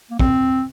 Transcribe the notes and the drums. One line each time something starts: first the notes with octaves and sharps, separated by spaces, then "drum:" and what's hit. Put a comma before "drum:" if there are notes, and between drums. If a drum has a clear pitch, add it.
A#3
C4, drum: kick